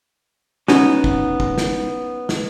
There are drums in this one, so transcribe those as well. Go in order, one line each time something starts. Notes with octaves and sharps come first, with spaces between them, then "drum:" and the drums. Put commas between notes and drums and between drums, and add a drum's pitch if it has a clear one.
B3 C#4 D#4 F#4, drum: snare
drum: kick
drum: kick
drum: snare
drum: snare